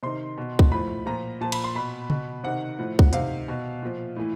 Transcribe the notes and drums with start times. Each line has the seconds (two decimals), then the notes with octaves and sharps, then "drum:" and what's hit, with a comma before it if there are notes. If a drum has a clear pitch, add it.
0.03 C3 D#3 C6
0.38 B2
0.59 drum: kick
0.71 A2 F3 B5
1.06 A#2 F3 A#5
1.41 A#2 F3 A5
1.52 B5, drum: cymbal
1.64 C6
1.75 B2 B5
2.10 B2, drum: tom C#3
2.44 C3 D#3 F#5
2.79 A2 F3
2.99 drum: kick
3.13 C3 D#3 F5, drum: hi-hat
3.48 B2
3.82 A#2 F3
4.16 A2 E3